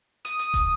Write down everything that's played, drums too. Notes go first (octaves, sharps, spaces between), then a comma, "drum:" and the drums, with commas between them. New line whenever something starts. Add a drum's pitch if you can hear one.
D#6, drum: hi-hat
drum: hi-hat
drum: kick, hi-hat